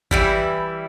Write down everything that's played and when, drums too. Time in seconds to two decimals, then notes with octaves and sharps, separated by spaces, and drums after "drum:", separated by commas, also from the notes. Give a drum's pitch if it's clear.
0.11 E3 G3 E4, drum: kick G#1